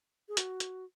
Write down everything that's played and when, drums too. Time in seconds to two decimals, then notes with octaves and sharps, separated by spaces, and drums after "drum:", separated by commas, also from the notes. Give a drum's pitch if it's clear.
0.29 G#4
0.37 F#4, drum: hi-hat
0.60 drum: hi-hat